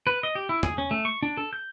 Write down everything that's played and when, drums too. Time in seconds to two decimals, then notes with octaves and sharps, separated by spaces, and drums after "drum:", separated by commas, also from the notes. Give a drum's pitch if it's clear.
0.07 B4
0.23 D#5
0.35 G4
0.49 E4
0.63 G#4, drum: tom E2
0.78 C#4
0.91 A3
1.05 C#6
1.23 D4
1.37 A4
1.53 G6